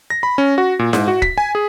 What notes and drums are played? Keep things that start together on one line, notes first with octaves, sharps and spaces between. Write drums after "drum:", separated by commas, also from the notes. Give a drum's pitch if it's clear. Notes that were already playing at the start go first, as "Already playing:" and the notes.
A#6
B5
C#4
F#4
A#2
G#2, drum: snare E4
F#4
B6, drum: kick
G#5
G#4